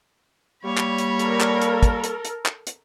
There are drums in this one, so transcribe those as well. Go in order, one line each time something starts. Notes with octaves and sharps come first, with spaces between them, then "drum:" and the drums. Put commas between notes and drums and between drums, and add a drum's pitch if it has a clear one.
G3 A#3 C#5 B5
drum: clap
drum: hi-hat
A4 A#4, drum: hi-hat
drum: clap
drum: hi-hat
drum: kick, hi-hat
drum: hi-hat
drum: hi-hat
drum: clap
drum: hi-hat